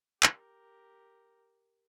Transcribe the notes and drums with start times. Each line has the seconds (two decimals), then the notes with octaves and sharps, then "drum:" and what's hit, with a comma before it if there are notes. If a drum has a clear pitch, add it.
0.23 G4 A#4, drum: clap